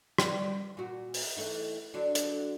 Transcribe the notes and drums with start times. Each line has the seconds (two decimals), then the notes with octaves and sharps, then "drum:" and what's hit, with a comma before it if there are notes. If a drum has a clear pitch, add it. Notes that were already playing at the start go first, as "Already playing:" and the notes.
0.18 G3 B3, drum: rim click
0.77 A#2 F#4
1.14 drum: open hi-hat
1.36 E3 A3 D#4
1.94 D3 F#3 D4
2.15 drum: hi-hat